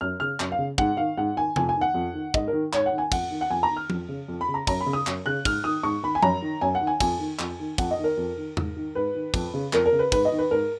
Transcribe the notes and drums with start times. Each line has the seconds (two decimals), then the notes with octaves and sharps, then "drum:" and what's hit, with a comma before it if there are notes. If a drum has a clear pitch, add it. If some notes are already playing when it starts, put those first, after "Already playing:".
0.01 F#2 F6
0.20 C#3 F6
0.40 F#2, drum: clap
0.52 F5
0.59 C#3
0.78 G#2 F#5, drum: kick
0.97 D#3 F5
1.17 G#2 F#5
1.37 D#3 G#5
1.56 F2 G#5, drum: tom C3
1.69 G#5
1.76 D#3
1.81 F#5
1.94 F2
2.14 D#3
2.34 G#2 D#5, drum: kick
2.47 A#4
2.53 D#3
2.73 G#2 C#5, drum: clap
2.86 F#5
2.92 D#3
2.98 G#5
3.12 F2 F#5, drum: kick, cymbal
3.31 D#3
3.41 F#5
3.50 F2 G#5
3.63 A#5
3.70 D#3
3.77 F6
3.90 F2, drum: tom F3
4.09 C#3
4.28 F2
4.41 B5
4.48 C#3
4.54 A#5
4.67 F#2 A#5, drum: kick, cymbal
4.81 B5
4.86 C#3
4.93 D#6
5.07 F#2, drum: clap
5.26 C#3 F#6
5.45 G#2 F6, drum: kick, cymbal
5.64 D#3 D#6
5.83 G#2 C#6
6.03 D#3 B5
6.15 G#5
6.23 F#2 A#5, drum: tom F3
6.42 D#3
6.61 F#2 G#5
6.75 F#5
6.81 D#3
6.87 G#5
7.00 F2 G#5, drum: kick, cymbal
7.20 D#3
7.39 F2, drum: clap
7.60 D#3
7.78 F2 F#5, drum: kick, cymbal
7.91 D#5
7.99 D#3
8.04 A#4
8.17 F2
8.37 D#3
8.57 G#2, drum: tom E2
8.76 D#3
8.95 G#2 B4
9.15 D#3
9.34 F2, drum: kick, cymbal
9.54 C#3
9.73 F2 A#4, drum: clap
9.85 A#4
9.92 C#3
9.99 B4
10.12 G#2 B4, drum: kick, cymbal
10.25 D#5
10.32 D#3
10.38 B4
10.51 G#2 A#4